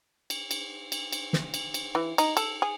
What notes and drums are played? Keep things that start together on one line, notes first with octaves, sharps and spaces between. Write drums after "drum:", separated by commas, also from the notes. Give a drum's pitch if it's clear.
drum: cymbal
drum: cymbal
drum: cymbal
drum: cymbal
drum: snare
drum: cymbal
drum: cymbal
E3
D#4, drum: cymbal
A4, drum: cymbal
G#4